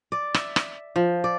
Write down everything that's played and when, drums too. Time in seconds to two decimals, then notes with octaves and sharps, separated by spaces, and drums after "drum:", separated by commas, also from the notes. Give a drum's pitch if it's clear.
0.12 D5
0.34 E5, drum: rim click
0.56 drum: rim click
0.96 F3
1.24 D5